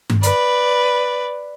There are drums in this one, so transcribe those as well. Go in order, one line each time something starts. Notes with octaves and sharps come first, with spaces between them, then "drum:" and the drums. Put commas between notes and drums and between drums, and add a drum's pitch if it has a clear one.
drum: tom G2
B4 D5, drum: hi-hat